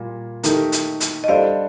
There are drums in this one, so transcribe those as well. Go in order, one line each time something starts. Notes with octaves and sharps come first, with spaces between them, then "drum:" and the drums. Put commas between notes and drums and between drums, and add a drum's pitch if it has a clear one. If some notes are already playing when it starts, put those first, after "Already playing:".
Already playing: A#2 G3 A#3 F4
D#3 A3 D#4 G4 A#4, drum: hi-hat
drum: hi-hat
drum: hi-hat
D#5
G3 D4 A4 C5 D5 F5